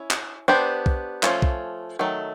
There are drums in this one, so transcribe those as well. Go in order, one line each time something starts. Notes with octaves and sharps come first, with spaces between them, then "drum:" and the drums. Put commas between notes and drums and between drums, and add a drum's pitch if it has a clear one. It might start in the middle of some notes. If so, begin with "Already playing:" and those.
Already playing: C#4 E4
drum: clap
B3 D4 G4 C5
drum: kick
F3 A3 C#4 F4, drum: clap
drum: kick
D#3 F#3 A3